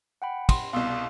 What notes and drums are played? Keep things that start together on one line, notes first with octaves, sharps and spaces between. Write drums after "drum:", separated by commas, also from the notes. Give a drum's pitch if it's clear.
F#5 G5 B5
C6, drum: kick, cymbal
C2 B2 F5 C6 E6